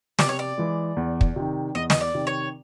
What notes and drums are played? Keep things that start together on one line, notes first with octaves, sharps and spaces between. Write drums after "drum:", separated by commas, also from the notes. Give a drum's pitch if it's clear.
C3 D5, drum: snare
C#5
D5
E3 G#3
E2
drum: kick
C3 D#3
E2 D#5
D#5, drum: snare
D5
C3 D#3
C#5